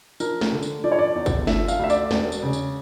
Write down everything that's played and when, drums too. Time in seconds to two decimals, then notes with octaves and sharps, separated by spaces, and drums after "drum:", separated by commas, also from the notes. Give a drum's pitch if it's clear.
0.20 F3 A#4, drum: tambourine
0.41 drum: snare
0.52 D3
0.63 drum: tambourine
0.84 F3 D5
0.92 C#5
0.99 D5
1.16 E2
1.26 drum: kick G1, tambourine
1.47 F3 E5, drum: snare
1.68 F5, drum: tambourine
1.79 D2 E5
1.90 D5, drum: tambourine
2.11 E1, drum: snare
2.32 drum: tambourine
2.43 C#3
2.53 drum: tambourine